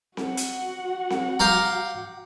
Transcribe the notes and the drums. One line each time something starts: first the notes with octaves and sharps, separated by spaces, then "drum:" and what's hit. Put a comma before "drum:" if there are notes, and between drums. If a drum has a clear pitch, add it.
F#4 F#5, drum: snare C4
drum: hi-hat
drum: snare C4
G4 F5 A#5